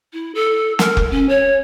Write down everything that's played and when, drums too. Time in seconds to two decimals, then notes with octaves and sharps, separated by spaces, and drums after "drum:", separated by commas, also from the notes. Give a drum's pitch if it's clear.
0.13 E4
0.35 A4
0.79 A#4, drum: snare
0.97 drum: kick F1
1.11 C#4
1.29 C#5